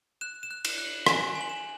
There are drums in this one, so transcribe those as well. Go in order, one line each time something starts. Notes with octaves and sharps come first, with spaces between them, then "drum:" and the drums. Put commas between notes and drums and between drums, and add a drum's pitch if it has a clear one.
F#6 E7
E7
F#6
E7, drum: cymbal
F#6
F#7
G#5 E7, drum: rim click
G#5
F#7
E7